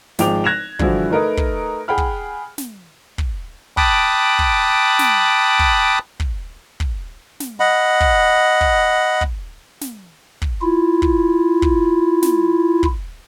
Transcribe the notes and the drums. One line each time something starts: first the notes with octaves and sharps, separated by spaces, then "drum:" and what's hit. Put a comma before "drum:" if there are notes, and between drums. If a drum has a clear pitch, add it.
G#1 F3 G#3 G5 D6 F7, drum: snare
F#6 G#6 A#6 E7 F7
G2 D3 E3 F3 E4 F#4, drum: kick
A3 D#4 A#4 B4 D#5
drum: kick
G#4 F#5 G5 B5 F6
drum: kick
drum: snare
drum: kick
G5 A5 B5 D6 D#6 F#6, drum: kick
drum: kick
drum: snare
drum: kick
drum: kick
drum: kick
drum: snare
D#5 F#5 B5
drum: kick
drum: kick
drum: kick
drum: snare
drum: kick
E4 F4
drum: kick
drum: kick
drum: snare
drum: kick